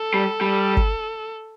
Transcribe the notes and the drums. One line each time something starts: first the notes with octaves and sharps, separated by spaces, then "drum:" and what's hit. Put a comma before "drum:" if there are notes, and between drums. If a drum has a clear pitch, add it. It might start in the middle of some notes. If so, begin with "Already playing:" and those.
Already playing: A4
G3
G3
drum: kick G1